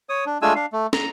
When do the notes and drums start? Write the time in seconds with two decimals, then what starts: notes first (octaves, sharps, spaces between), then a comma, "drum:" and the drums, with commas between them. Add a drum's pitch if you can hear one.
0.09 C#5 D#6
0.26 D4
0.42 G#3 A3 D4 F4 G#5 E6
0.55 D4 F5
0.73 A3
0.93 A#5, drum: snare